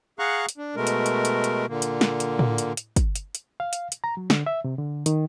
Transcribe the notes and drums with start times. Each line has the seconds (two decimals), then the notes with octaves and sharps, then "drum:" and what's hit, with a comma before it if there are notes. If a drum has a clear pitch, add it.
0.19 G#4 F5 F#5 A#5 C#6 F#6
0.49 drum: hi-hat
0.58 D4
0.76 B2 G#3 A3 A#4
0.87 drum: hi-hat
1.06 drum: hi-hat
1.25 drum: hi-hat
1.44 drum: hi-hat
1.69 A#2 D3 A#3
1.82 drum: hi-hat
2.01 drum: snare
2.20 drum: hi-hat
2.39 drum: tom A2
2.58 drum: hi-hat
2.77 drum: hi-hat
2.96 drum: kick, hi-hat
3.16 drum: hi-hat
3.35 drum: hi-hat
3.60 F5
3.73 drum: hi-hat
3.92 drum: hi-hat
4.04 A#5
4.17 F#3
4.30 D3, drum: snare
4.46 E5
4.64 C3
4.78 D3
5.06 D#3, drum: hi-hat